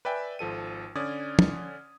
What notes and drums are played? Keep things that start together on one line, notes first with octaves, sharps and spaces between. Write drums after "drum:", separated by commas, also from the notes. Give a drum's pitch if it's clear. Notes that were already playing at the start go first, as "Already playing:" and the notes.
B4 D5 E5 G5 G#5
G#1 F3 A4 D#7
D3 C#4 D5 D#6 G#6
drum: tom